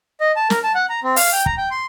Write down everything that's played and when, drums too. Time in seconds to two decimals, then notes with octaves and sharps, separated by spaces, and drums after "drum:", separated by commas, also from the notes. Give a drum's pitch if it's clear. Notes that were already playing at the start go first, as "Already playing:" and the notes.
0.21 D#5
0.36 A5
0.50 A#4, drum: snare
0.64 A5
0.75 F#5
0.90 A#5
1.04 C4
1.16 F5, drum: open hi-hat
1.33 G5
1.46 A#5, drum: kick
1.58 G5
1.71 C6